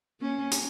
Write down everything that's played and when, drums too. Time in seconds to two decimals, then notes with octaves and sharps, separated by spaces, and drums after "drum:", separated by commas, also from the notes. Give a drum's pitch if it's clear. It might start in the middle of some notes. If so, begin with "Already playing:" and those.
0.20 A#3 C#4
0.52 drum: hi-hat